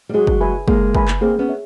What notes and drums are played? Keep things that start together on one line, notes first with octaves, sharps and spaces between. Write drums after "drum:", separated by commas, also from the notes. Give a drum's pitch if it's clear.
G3
F#3 G#3 G#4
drum: kick
B4 E5 G#5 B5
G#3 A#3 G#4, drum: kick
B4 E5 G#5 B5, drum: kick
drum: clap
A#3 C4 G#4
B3 C#4
C#5 E5